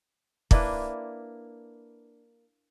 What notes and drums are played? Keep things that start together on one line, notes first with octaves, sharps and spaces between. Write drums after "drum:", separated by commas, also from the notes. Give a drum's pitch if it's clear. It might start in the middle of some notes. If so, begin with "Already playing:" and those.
A#3 D4 E4 B4, drum: kick